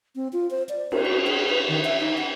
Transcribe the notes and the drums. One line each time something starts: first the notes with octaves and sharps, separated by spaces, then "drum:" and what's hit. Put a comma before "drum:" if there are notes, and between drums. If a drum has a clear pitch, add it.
C4
F4
C5
D5
A#4, drum: cymbal
F#4
G#4
B4
D#3
E5
D#4
F#5